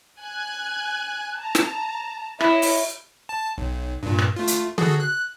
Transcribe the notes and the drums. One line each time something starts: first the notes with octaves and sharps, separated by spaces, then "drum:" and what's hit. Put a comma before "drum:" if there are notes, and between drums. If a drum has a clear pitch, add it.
G#5 F#6 G#6
A5 A#5
drum: snare
E4 C#5 D#5, drum: rim click
drum: open hi-hat
A5
B1
G2 A#2
drum: rim click
A3 F4
drum: hi-hat
F#4 G#4 A4, drum: tom D3
F#6